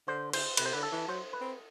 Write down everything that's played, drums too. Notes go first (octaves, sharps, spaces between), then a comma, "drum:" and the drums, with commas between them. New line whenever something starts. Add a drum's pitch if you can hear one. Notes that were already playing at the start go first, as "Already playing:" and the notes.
D3 C5
C5, drum: cymbal
C3 B4, drum: cymbal
C5
D3 B4
A4
E3
F#3 C5
B4
C4